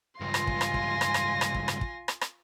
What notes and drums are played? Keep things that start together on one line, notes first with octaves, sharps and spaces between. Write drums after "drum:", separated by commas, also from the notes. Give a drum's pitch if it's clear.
C#2 G2 F4 G#5 C6 A#6
drum: rim click
drum: kick
drum: rim click
drum: kick
drum: rim click
drum: rim click
drum: rim click
drum: kick
drum: rim click
drum: kick
drum: rim click
drum: rim click